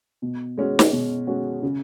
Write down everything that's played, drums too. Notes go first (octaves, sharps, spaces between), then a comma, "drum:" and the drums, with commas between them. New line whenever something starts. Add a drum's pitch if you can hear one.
B2
G#3 C#4 F#4
drum: snare
B2
G#3 C#4 F#4
C#3